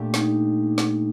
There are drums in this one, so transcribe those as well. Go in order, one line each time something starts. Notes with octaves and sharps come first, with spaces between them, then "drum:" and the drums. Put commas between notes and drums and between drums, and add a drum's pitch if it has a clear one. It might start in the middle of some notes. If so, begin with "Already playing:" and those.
Already playing: A#2 A3 D4 G4
D#4, drum: snare
drum: snare